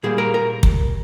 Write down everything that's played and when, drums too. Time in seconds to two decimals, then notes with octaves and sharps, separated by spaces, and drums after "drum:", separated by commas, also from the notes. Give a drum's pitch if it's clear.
0.03 A#2 G3 A#3 G#4
0.18 A#4
0.34 A#4
0.63 drum: kick